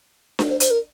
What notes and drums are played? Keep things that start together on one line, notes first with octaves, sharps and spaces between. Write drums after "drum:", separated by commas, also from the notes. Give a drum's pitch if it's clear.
drum: snare D4
C5
C5, drum: hi-hat
A#4